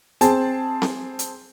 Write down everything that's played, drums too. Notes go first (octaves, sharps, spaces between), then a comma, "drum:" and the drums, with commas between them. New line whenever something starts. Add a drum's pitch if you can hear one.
C4 G#4 A5, drum: hi-hat
drum: snare C4
drum: hi-hat